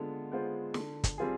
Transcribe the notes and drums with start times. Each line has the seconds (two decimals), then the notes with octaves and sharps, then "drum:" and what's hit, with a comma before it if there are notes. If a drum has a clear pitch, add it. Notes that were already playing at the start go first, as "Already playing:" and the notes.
Already playing: D3 G#3 B3 F4
0.32 G#3 B3 F4 C5
0.74 D3, drum: snare
1.04 drum: kick, hi-hat
1.18 G3 C4 F4 G#4